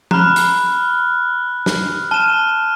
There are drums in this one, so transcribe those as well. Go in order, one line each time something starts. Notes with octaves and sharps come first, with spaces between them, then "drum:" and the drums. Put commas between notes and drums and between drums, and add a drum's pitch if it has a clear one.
A#5 B5 F6 F#6, drum: tom F3
drum: hi-hat
drum: snare
A5 F6 D#7 E7